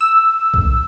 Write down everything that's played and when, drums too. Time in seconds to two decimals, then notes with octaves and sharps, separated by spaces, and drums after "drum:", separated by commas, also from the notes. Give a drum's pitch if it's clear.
0.01 E6
0.54 drum: kick